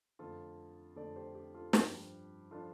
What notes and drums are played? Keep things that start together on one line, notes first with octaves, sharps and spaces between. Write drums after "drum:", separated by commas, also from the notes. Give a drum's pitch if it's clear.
F2 D3 A3 F4 A4
F2 D3 A3 A4 D5
G4 C5
G4
F4 A4
G2 F3 D4 G4, drum: snare
F3 D4 F4 A4